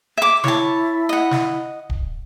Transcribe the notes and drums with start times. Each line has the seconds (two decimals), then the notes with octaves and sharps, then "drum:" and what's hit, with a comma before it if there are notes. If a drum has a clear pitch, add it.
0.17 E5 D6
0.44 E4 C#5 A5, drum: snare
1.09 D#5 F#5
1.31 drum: snare
1.90 drum: kick